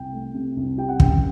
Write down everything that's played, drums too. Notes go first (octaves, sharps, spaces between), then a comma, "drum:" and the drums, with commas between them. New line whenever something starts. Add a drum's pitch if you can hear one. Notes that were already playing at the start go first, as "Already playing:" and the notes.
Already playing: C2 G5
A3
C3
C2
G3 G5
F#5
F#2 G5, drum: kick